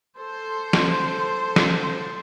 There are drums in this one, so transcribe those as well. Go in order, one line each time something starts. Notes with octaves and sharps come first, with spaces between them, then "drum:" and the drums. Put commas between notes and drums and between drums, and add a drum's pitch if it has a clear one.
A4 C5
drum: snare
drum: snare